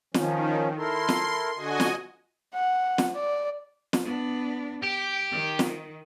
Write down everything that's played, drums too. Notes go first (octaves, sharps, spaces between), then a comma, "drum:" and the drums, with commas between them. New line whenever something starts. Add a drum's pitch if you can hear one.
D#3 F3 C#4, drum: snare
E4 A4 A#4 C6
drum: snare
D3 F#4 D#5 G#5
drum: snare
F#5
drum: snare
D5
drum: snare
B3 D4
G4 G5
D#3
drum: snare